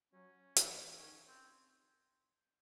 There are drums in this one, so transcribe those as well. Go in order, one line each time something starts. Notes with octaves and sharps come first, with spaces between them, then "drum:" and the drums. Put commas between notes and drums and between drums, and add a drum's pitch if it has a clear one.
F#3 C#4
E3, drum: hi-hat
D#3 C#4
C4